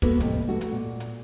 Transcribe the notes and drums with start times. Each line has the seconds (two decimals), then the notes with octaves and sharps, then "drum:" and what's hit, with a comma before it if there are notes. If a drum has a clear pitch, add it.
0.02 A#3 B3 F#4 A4 B4, drum: kick, hi-hat
0.20 F2 A2 C3, drum: hi-hat
0.48 A3 F#4
0.61 drum: hi-hat
0.72 A#2
1.00 drum: hi-hat